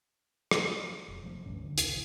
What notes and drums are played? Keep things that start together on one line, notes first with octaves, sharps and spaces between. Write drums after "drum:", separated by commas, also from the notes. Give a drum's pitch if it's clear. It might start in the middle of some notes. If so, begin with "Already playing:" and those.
drum: rim click
F1
C3 F3 G3 A3
G#1 D2 G2 C#4
D2 D3
G#1 E2 C#3, drum: hi-hat
D1 B1 E2